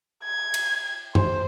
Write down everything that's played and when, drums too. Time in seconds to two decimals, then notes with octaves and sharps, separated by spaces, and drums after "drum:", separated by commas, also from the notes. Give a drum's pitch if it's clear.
0.24 G#6
0.54 drum: cymbal
1.15 C5, drum: tom F#2